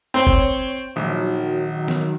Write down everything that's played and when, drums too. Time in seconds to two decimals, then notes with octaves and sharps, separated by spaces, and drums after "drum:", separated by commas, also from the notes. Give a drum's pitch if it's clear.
0.14 C4 C5 C#5
0.27 drum: kick G1
0.96 A#1 D#3 F#3
1.88 drum: snare